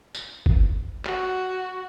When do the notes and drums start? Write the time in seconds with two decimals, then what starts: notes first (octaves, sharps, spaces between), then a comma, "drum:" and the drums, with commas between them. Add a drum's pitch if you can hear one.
0.15 drum: tambourine
0.46 drum: kick F#1
1.05 F#4, drum: clap